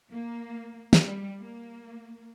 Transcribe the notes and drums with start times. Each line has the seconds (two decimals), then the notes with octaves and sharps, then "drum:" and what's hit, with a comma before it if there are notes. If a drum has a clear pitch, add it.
0.11 A#3
0.93 drum: snare
1.05 G3
1.40 A#3